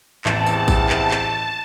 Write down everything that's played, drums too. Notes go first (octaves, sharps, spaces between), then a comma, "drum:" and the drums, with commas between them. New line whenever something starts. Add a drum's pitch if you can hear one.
A1 E2 C3 A5, drum: clap
drum: tambourine
drum: kick A1, tambourine
drum: clap
drum: clap